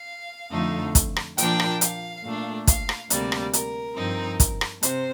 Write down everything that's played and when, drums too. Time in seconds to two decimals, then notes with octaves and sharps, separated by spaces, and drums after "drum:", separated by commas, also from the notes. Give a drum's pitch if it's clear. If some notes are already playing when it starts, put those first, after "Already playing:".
Already playing: F5
0.52 F2 D3 F3 A3 D#4
0.95 drum: kick, hi-hat
1.16 drum: rim click
1.38 A#2 F3 A#3 D4 G5, drum: hi-hat
1.60 drum: rim click
1.81 F5, drum: hi-hat
2.24 A#2 A3 D4
2.67 F5, drum: kick, hi-hat
2.89 drum: rim click
3.10 D2 C3 G3 A#3 D5, drum: hi-hat
3.32 drum: rim click
3.53 A#4, drum: hi-hat
3.97 G2 F3 C4 D#4
4.40 drum: kick, hi-hat
4.61 drum: rim click
4.83 C3 C5, drum: hi-hat